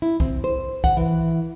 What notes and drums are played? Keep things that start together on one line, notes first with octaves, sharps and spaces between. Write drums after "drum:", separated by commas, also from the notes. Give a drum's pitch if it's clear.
E4
C4, drum: kick B1
C5
F#5, drum: kick B1
E3